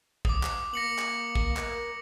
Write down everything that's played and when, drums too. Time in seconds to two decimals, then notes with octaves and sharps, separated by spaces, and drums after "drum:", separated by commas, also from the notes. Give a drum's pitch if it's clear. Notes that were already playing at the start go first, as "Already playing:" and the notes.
0.25 D6 D#6, drum: kick
0.43 drum: clap
0.74 A#3 A#6 C#7 F#7
0.99 drum: clap
1.35 drum: kick
1.57 A#4, drum: clap